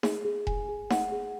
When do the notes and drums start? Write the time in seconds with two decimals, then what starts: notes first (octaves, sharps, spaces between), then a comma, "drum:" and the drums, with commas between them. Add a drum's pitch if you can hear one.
0.03 G#4, drum: snare D#4
0.25 G#4
0.47 G#5, drum: kick E1
0.69 G#4
0.90 F#5, drum: snare D#4
1.12 G#4